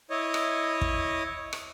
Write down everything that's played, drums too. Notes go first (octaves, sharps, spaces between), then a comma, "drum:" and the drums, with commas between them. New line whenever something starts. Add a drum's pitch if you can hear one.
E4 C#5 D#5
drum: rim click
drum: kick
drum: rim click